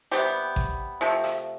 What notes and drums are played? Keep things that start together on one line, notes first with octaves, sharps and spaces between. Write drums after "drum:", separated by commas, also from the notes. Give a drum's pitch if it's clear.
C3 G3 B3 G4
drum: kick G#1
C3 F3 A3
drum: rim click